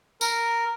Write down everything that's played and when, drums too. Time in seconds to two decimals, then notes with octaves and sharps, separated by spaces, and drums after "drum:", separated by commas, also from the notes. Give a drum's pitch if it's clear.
0.21 A#4, drum: tambourine